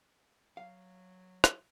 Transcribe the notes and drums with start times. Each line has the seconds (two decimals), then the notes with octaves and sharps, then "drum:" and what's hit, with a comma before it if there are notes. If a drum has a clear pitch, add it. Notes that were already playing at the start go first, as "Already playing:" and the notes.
0.57 F#3 F5
1.44 drum: rim click